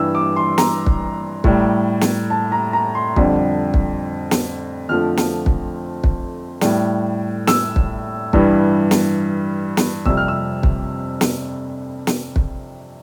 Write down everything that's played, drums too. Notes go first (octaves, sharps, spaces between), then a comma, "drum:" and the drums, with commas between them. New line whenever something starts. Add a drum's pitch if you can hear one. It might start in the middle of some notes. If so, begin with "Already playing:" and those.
Already playing: G2 E3 G3 E6
D6
C6
A#5, drum: snare
drum: kick
A2 G3, drum: kick
drum: snare
A5
A#5
A#5
C6
F2 D3 G3, drum: kick
drum: kick
drum: snare
F2 D3 F3 A3 F6
drum: snare
drum: kick
drum: kick
A2 G3, drum: snare
E6, drum: snare
drum: kick
G2 E3 G3, drum: kick
drum: snare
drum: snare
F2 C3 G3 E6, drum: kick
F6
E6
drum: kick
drum: snare
drum: snare
drum: kick